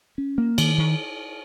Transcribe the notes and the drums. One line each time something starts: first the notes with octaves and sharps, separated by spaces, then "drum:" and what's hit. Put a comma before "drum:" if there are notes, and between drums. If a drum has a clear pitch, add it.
C#4
A#3
D#3, drum: cymbal
D#3